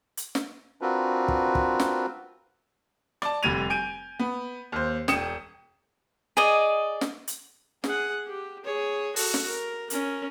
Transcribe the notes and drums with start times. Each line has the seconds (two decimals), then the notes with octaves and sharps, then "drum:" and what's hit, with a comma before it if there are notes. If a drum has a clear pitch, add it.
0.17 drum: hi-hat
0.35 drum: snare
0.81 C4 D4 F4 F#4 A#4 B4
1.28 drum: kick
1.55 drum: kick
1.80 drum: snare
3.22 D5 A5, drum: rim click
3.43 F1 D3 G3 G#6 D#7 F7
3.70 G#5 G6 D7 D#7
4.19 B3
4.72 D#2 C5
5.08 E1 G5 D#6 C#7 E7, drum: snare
6.37 G#4 D5 D#5
7.01 drum: snare
7.28 drum: hi-hat
7.84 G#4 F#5, drum: snare
8.27 G4
8.64 G#4 C#5
9.16 F#4 A4, drum: open hi-hat
9.34 drum: snare
9.47 A#4
9.90 C#4 A#4, drum: hi-hat